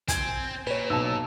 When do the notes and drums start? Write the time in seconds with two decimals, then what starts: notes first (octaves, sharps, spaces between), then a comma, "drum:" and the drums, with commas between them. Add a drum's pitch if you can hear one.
0.08 C4 G#5 G#6, drum: kick, hi-hat
0.67 A#2 B4 C#5
0.90 B1 A5 E6